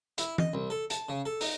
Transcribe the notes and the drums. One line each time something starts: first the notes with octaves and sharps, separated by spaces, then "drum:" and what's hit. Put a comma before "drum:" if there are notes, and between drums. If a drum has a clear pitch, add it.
E4, drum: hi-hat
D#5, drum: tom E3
C2
A4
A5, drum: hi-hat
C#3
A4
D#4, drum: open hi-hat